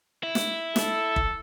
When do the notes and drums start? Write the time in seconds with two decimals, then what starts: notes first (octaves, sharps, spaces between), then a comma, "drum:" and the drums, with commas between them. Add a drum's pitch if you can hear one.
0.23 E4
0.35 drum: snare
0.76 A4, drum: snare
1.16 drum: kick